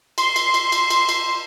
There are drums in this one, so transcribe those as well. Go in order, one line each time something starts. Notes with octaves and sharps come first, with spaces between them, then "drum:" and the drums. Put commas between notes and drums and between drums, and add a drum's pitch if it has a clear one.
C6, drum: cymbal
drum: cymbal
drum: cymbal
drum: cymbal
drum: cymbal
drum: cymbal